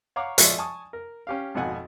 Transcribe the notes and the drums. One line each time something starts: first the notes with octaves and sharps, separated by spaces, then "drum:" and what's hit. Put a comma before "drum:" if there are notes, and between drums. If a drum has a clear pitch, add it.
C#5 F5 F#5 A#5 C#6 D6
F3 G#3 F4 C#5 D5 E5, drum: hi-hat
G#5 A5 C#6 D#6
A#4
C#4 G4 F5
G#1 F2 B2 F#5 G#5